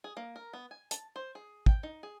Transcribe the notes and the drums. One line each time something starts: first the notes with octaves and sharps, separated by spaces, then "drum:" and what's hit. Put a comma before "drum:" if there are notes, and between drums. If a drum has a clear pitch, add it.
G#4
A#3
A#4
B3
G#5
A5, drum: hi-hat
C5
G#4
G5, drum: kick
D#4
G#4